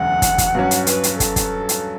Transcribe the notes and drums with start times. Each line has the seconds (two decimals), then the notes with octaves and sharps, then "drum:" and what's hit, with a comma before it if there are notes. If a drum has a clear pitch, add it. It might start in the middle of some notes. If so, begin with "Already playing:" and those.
Already playing: E1 D2 C#3 F#3 F#5
0.22 drum: kick, hi-hat
0.38 drum: kick, hi-hat
0.55 G2 F#3 C#4
0.71 drum: hi-hat
0.87 B4, drum: hi-hat
1.03 drum: hi-hat
1.20 A4, drum: kick, hi-hat
1.36 drum: kick, hi-hat
1.69 drum: hi-hat